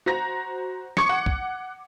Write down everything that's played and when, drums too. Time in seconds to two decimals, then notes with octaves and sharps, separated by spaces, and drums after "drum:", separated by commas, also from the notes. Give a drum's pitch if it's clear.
0.06 F#4 C5 A#5 A#6
0.97 C#6 D6 G#6 C#7, drum: snare
1.09 F#5
1.26 drum: kick